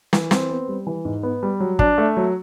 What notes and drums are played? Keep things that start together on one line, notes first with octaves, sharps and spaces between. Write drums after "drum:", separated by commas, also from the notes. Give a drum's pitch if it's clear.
E3, drum: snare
C4, drum: snare
B3
G3
E3
G#2
B3
G3
F#3
D4, drum: kick
A3
F#3